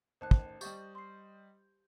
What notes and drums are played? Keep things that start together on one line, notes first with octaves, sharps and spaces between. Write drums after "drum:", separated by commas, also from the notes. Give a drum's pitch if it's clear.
A1 D#3 C5 A5 F#6
drum: kick
G3 G4 D#5 C#6 G6 A6, drum: tambourine
C6 C7